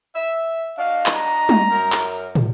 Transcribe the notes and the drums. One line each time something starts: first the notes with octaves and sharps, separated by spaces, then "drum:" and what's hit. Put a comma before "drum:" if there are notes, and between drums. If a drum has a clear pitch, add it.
E5
D4 F#4 D#5 F5
drum: clap
A#5
drum: tom G3
F#2 A#4
drum: clap
drum: tom